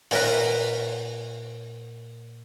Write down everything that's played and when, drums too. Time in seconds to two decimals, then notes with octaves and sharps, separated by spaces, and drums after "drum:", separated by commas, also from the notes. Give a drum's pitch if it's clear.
0.11 A#2 A#4 B4, drum: open hi-hat